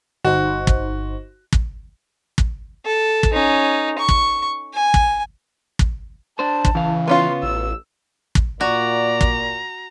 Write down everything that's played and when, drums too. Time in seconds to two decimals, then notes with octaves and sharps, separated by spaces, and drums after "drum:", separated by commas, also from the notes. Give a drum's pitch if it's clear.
0.24 G1 D#4 F#4 C5
0.67 drum: kick
1.53 drum: kick
2.38 drum: kick
2.85 A4
3.23 drum: kick
3.33 C#4 D#4
3.98 C#6
4.09 drum: kick
4.74 G#5
4.94 drum: kick
5.79 drum: kick
6.39 D4 C5 A5
6.65 drum: kick
6.75 C#3 E3 F5
7.08 B3 C#4 F4 C6
7.43 A1 E6
8.35 drum: kick
8.61 A#2 F#4 D5 A#5
9.21 drum: kick